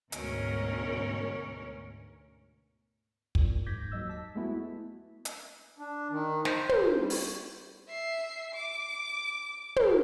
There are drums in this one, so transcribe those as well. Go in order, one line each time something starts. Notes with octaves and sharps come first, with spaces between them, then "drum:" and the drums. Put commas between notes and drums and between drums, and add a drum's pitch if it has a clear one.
D2 G#2 B2 C#4 A#4 C#5, drum: hi-hat
A#2, drum: kick
G#2 D6 G6 G#6 A#6 B6
D#2 F#3 D#5 E6
A5 B6
G#3 A3 B3 E4 F#4
drum: hi-hat
D4
D#3
C5, drum: snare
drum: tom
G3
drum: open hi-hat
E5 C7
D6
drum: tom